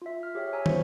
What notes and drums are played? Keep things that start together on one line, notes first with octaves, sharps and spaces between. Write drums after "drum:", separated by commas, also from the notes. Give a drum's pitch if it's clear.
F4 E5
F6
G4 G#4 C#5 E5 G5
C#5 G#5 A#5 E6
F4 F#4 C5, drum: tom